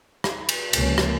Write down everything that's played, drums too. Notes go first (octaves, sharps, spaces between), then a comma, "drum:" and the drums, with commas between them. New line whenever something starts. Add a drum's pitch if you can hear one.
drum: rim click
drum: cymbal
C#2 C3 F3 A#3 C#4, drum: cymbal
drum: rim click